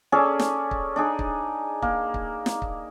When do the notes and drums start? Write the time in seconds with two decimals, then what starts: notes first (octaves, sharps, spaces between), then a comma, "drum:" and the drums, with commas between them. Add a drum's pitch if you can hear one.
0.12 C#4 G#4 A4 D5
0.39 drum: snare
0.71 drum: kick
0.96 D4 D#4 G#4
1.19 drum: kick
1.82 A#3, drum: kick
2.14 drum: kick
2.46 drum: snare
2.62 drum: kick